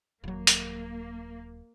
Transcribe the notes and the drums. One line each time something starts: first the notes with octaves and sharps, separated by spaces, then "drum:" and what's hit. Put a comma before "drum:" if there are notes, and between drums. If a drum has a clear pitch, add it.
D#1 F#3 A#3
drum: hi-hat